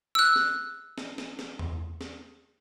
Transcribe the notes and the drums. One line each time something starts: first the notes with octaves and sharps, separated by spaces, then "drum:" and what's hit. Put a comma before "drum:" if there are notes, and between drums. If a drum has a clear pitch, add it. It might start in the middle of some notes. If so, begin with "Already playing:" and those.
E6 F#6
drum: snare
drum: snare
drum: snare
drum: snare
drum: tom E2
drum: snare